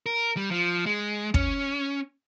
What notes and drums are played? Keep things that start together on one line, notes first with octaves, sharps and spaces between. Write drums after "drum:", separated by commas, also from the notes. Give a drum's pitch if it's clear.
A#4
G3
F3
G#3
C#4, drum: kick